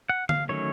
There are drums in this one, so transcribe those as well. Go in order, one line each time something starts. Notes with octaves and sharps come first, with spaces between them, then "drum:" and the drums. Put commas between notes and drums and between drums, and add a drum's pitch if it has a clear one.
F#5
F5, drum: tom D3
D#3 F#3 A3 C#4 C#5